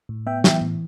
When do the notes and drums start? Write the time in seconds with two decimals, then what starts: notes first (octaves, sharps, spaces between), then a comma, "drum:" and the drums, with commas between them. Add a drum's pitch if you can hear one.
0.09 A2
0.27 B3 E5 G5
0.44 E3 E5 G5, drum: snare
0.61 A2